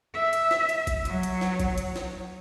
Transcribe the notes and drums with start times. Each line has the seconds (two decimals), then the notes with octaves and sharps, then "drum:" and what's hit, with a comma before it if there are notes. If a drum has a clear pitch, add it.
0.15 E5
0.33 drum: hi-hat
0.51 drum: snare
0.69 drum: hi-hat
0.87 drum: kick, hi-hat
1.05 F#3, drum: hi-hat
1.23 drum: hi-hat
1.41 drum: snare
1.60 drum: kick, hi-hat
1.78 drum: hi-hat
1.96 drum: snare